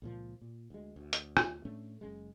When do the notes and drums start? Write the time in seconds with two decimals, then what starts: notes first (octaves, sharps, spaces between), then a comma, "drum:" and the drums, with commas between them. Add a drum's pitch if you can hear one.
0.02 C#2 A#2 F3
0.42 A#2
0.70 D2 G#3
0.96 D2
1.13 drum: hi-hat
1.37 drum: rim click
1.65 A2 A3 C#4 D4
2.01 F#1 C#3 G#3